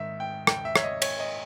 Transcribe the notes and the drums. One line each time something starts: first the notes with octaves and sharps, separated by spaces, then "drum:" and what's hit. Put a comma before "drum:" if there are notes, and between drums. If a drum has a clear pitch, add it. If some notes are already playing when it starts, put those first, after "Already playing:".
Already playing: G#2 D#3 E5
G5
G5, drum: rim click
E5
C#5, drum: rim click
D#5
C#5, drum: cymbal
D#5